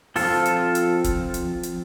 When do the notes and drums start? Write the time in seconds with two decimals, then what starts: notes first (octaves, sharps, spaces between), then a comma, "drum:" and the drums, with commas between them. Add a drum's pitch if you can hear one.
0.16 F3 C4 F4 A4, drum: open hi-hat
0.45 drum: hi-hat
0.75 drum: hi-hat
1.04 drum: kick, hi-hat
1.34 drum: hi-hat
1.63 drum: hi-hat